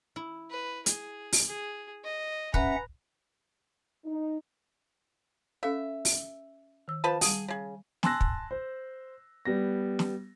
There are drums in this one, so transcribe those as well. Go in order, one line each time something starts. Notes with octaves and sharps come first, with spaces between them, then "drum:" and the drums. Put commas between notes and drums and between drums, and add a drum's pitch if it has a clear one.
E4
B4
G#4, drum: hi-hat
drum: open hi-hat
G#4
D#5
C#4 B4 E5 F#5 A#5, drum: kick
D#4
C#4 A4 E5 F5
drum: open hi-hat
D#3 E6
F3 B4 A5
G3 G#4 F#5, drum: open hi-hat
C#3 G#4
G#5 A5 C6 E6 F#6 A#6, drum: snare
drum: kick
C5
G3 B3 A#6
drum: snare